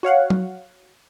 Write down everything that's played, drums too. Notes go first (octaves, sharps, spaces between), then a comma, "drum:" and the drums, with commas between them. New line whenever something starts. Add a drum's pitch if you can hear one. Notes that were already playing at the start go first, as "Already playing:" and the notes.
F#4 C#5 F5 F#5
drum: tom F#3